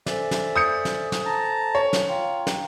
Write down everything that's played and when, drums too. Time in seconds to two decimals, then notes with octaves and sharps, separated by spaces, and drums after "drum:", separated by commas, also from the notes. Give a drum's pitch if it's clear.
0.06 A4 C5 D5 E5 G#5, drum: snare
0.31 drum: snare
0.56 D#6 G6 C#7
0.85 drum: snare
1.12 drum: snare
1.26 A5 A#5
1.75 C#5
1.93 drum: snare
2.08 F4 F5 G5 A#5
2.47 drum: snare